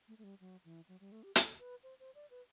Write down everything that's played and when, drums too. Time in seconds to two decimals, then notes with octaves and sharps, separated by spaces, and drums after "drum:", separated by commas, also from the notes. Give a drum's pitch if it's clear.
0.08 A3
0.18 A3
0.24 G3
0.40 F#3
0.65 E3
0.88 F#3
1.00 G3
1.12 A3
1.23 G4
1.36 A4, drum: hi-hat
1.59 B4
1.83 C5
2.00 C5
2.15 D5
2.30 B4